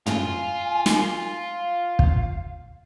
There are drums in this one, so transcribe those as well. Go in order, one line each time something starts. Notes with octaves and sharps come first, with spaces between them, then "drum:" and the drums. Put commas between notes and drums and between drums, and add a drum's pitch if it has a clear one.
F4 G#5, drum: tom
drum: snare
F5
drum: kick